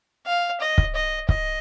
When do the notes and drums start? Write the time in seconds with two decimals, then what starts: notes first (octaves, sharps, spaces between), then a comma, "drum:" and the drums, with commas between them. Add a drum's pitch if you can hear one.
0.26 F5
0.61 D#5
0.78 drum: kick
0.95 D#5
1.29 D#5, drum: kick